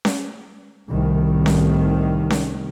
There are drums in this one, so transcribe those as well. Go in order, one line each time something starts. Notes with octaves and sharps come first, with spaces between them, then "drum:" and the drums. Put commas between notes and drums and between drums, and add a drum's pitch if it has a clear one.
drum: snare C#4
C2 A2 D#3
drum: snare C#4
drum: snare C#4